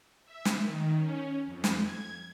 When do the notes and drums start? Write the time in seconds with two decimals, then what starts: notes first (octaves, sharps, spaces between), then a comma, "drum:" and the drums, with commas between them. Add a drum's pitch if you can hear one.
0.25 E5
0.45 drum: snare
0.58 D#3
0.95 C#4
1.45 F2
1.64 drum: snare
1.82 G#6